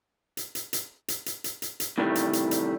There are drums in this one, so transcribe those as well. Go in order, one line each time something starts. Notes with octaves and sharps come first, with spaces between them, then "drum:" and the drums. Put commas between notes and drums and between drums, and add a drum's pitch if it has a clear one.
drum: hi-hat
drum: hi-hat
drum: hi-hat
drum: hi-hat
drum: hi-hat
drum: hi-hat
drum: hi-hat
drum: hi-hat
A2 C3 D#3 E3 G3 A3
drum: hi-hat
drum: hi-hat
drum: hi-hat